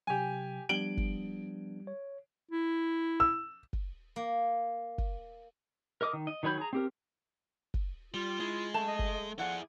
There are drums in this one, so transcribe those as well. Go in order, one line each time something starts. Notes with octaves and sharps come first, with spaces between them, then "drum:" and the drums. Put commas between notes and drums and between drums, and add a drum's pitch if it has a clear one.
C3 F#3 G4 G#5
F3 G3 B3 D4 D7 F#7 G7
drum: kick
C#5
E4
E6
drum: kick
A#3
drum: kick
A#4 D#5 D6 D#6
D#3
D#5
D#3 F#3 C#5 B5 G6
G#4 A#5
C4 G4 A#4
drum: kick
G3 F4
G#3 E4
F#2 A3 A5
D#5
drum: kick
F3 E4 G#4 D5 F#5